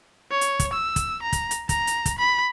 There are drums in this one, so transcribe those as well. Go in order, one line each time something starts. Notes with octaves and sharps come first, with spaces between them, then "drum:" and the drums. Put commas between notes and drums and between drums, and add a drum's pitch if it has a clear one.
C#5
drum: hi-hat
drum: kick, hi-hat
E6
drum: kick, hi-hat
A#5
drum: kick, hi-hat
drum: hi-hat
A#5, drum: kick, hi-hat
drum: hi-hat
drum: kick, hi-hat
B5